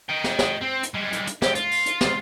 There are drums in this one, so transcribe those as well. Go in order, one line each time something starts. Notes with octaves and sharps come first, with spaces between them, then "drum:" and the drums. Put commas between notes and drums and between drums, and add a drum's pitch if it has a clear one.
D#5 G5
drum: snare
drum: snare
C4
drum: hi-hat
G3 G#3
drum: hi-hat
drum: hi-hat
G4, drum: snare
F4, drum: hi-hat
drum: open hi-hat
drum: hi-hat
drum: snare